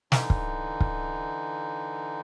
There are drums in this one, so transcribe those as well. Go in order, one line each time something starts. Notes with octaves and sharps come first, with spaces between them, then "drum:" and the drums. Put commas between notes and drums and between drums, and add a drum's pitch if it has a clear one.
D3 E3 D#4, drum: snare
drum: kick
drum: kick